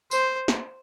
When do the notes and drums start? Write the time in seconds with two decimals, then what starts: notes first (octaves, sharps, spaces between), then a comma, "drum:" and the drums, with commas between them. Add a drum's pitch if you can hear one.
0.11 C5, drum: tambourine
0.48 drum: snare